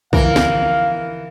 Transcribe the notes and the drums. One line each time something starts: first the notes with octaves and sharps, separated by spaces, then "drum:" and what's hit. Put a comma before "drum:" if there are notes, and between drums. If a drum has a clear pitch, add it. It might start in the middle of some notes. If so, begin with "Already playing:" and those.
D3 E3 F3 A#4 F5, drum: kick
drum: snare